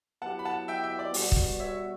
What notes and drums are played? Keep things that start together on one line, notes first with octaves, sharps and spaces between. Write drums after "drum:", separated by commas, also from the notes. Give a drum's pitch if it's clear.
F#3 B3 E4 G4 F#5 A5
B5
F#5 A5
E5 G5
E5 G5
D5
B2 G3 B3 F#4, drum: open hi-hat
drum: kick
C#5 E5